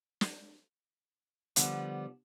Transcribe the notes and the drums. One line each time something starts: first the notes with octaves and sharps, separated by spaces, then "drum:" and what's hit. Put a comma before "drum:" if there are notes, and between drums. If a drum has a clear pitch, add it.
drum: snare
D3 F3 G3 B3, drum: hi-hat